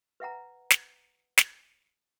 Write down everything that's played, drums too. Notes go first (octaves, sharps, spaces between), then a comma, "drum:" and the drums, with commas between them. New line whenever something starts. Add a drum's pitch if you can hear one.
B4 E5 F#5 A#5
drum: snare
drum: snare